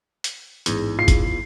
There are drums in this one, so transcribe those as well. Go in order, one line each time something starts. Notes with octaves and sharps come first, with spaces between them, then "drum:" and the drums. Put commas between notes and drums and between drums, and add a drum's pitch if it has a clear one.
drum: hi-hat
A1 E2 G#2 G#4, drum: hi-hat
F4 C7
drum: kick, hi-hat